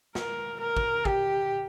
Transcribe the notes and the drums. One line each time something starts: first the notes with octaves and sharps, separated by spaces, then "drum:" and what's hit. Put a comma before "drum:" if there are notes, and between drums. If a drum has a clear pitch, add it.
A#4, drum: snare
A#4
drum: kick
G4, drum: kick